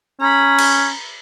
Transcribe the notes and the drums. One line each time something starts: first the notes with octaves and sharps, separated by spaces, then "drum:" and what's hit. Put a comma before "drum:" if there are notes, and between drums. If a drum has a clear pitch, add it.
C#4 A#5 B5
drum: cymbal